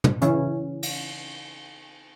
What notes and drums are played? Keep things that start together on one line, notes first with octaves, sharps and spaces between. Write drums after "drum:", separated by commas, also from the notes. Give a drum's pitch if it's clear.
drum: tom
C#3 E3 C#4 E4, drum: hi-hat
drum: cymbal